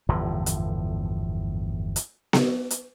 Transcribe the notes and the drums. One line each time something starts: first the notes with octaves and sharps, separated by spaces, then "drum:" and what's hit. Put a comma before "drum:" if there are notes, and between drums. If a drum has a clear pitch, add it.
G1 E2 A2 F3
drum: hi-hat
drum: hi-hat
drum: snare B3
drum: hi-hat